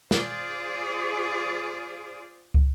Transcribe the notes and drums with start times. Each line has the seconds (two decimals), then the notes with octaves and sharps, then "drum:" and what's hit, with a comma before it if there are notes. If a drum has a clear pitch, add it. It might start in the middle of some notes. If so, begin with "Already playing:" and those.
0.11 F4 G#4 C5 D5, drum: snare
2.54 drum: kick